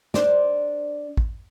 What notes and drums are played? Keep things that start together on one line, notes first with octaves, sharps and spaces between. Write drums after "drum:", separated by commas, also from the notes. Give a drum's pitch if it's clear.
D4 C5, drum: snare
drum: kick